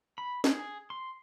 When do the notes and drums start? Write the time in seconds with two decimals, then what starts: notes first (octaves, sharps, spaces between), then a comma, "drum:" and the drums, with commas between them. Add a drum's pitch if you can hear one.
0.18 B5
0.44 G#4, drum: snare
0.90 C6